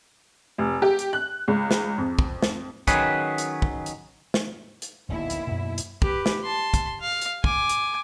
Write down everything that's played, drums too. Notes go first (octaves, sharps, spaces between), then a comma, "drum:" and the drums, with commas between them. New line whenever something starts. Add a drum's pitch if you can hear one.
F1
G4
drum: hi-hat
F#6
C#2
drum: snare
F2
drum: kick
drum: snare
D#3 F#3 C#4 G#4 B4, drum: kick, hi-hat
drum: hi-hat
drum: kick
drum: hi-hat
drum: snare
drum: hi-hat
D1 A#1 D#2 B3 E4 E5
drum: hi-hat
F#2 B2
drum: hi-hat
G4 B4, drum: kick
drum: snare
A5 C6
drum: kick, hi-hat
F5
drum: hi-hat
G#5 D6, drum: kick
drum: hi-hat